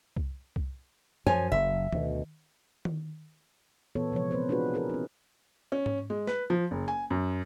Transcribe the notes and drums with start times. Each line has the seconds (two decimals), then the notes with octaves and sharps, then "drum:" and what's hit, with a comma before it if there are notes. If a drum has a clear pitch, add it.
0.16 drum: kick C2
0.56 drum: kick C2
1.27 F#2 F3 C#5 G#5
1.52 F#1 F#2 E5
1.92 D2 B2, drum: tom D#3
2.85 drum: tom D#3
3.95 A#2 E3 B3 A4 C#5
4.12 C3 F3 G#3 C#5
4.31 B3 C4 B4 C5
4.49 D4 F4 F#4 G#4 B4
4.74 E4 G#4 A#4 B4
4.90 C4 D#4
5.72 C#4
5.86 drum: tom G#2
6.10 G#3
6.27 B4, drum: snare
6.50 F3
6.71 F#1
6.88 G#5
7.10 F#2